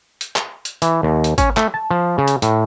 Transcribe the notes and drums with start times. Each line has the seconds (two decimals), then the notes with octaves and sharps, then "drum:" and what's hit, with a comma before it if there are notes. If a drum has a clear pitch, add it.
0.21 drum: hi-hat
0.36 drum: clap
0.65 drum: hi-hat
0.82 E3, drum: hi-hat
1.03 D#2
1.24 drum: hi-hat
1.38 C#4, drum: kick G#1, hi-hat
1.57 A3, drum: clap
1.74 A5
1.90 F3
2.18 C#3
2.28 drum: hi-hat
2.42 A2, drum: hi-hat